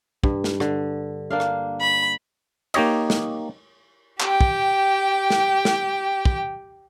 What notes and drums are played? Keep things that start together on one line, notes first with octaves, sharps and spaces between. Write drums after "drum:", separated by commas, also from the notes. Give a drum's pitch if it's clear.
G2, drum: kick
drum: snare
D3, drum: rim click
A#3 D4 F5
drum: rim click
B5
A#3 D#4 G4 C#5 D#5, drum: cymbal
drum: snare
G4 G5, drum: clap
drum: kick
drum: snare
drum: snare
drum: kick